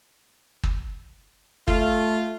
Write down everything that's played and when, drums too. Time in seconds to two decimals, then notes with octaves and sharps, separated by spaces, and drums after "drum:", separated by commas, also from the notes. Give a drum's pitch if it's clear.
0.63 drum: kick
1.68 A3 F4, drum: kick